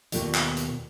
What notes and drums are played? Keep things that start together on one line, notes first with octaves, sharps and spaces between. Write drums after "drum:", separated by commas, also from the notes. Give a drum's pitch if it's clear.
D#2 B2 A3 F4 D5, drum: hi-hat
drum: clap
drum: hi-hat